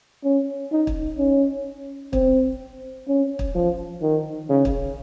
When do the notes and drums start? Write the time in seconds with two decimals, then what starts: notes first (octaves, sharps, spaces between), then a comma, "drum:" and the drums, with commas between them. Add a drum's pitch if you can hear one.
0.24 C#4
0.71 D#4
0.87 drum: kick
1.18 C#4
2.13 C4, drum: kick
3.08 C#4
3.39 drum: kick
3.55 F3
4.02 D#3
4.49 C#3
4.65 drum: kick